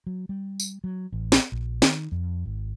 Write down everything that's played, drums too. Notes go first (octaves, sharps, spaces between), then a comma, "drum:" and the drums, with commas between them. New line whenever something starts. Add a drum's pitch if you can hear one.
F#3
G3
drum: tambourine
F#3
A1
drum: snare
A#1
D#3, drum: snare
F2
G#1